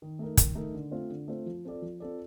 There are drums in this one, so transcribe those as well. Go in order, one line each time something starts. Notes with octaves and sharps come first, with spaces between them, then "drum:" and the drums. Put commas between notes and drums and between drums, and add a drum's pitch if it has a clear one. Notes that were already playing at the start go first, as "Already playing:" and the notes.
D#3
A3 D#4 A#4
D#3, drum: kick, hi-hat
A3 D#4 A#4
D3
A3 C4 F4 C5
D3
A3 C4 F4 C5
F3
C4 F4 A4 D5
F3
C4 F4 A4 D5